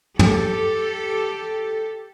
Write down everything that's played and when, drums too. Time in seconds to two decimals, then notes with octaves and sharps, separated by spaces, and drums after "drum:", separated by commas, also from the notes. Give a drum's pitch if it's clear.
0.19 G4 A4, drum: tom